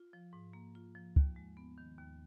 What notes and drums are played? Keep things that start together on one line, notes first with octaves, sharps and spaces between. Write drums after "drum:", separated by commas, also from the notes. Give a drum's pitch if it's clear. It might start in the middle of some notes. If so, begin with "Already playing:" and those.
Already playing: F4
F3
G#2
A#3
F4
F3
D#2, drum: kick
G#3
B3
D#3
D#2